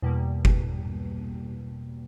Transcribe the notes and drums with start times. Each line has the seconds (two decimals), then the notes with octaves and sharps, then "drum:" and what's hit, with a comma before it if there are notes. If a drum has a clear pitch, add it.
0.02 E2 B2 G3 A#3
0.45 drum: kick F#1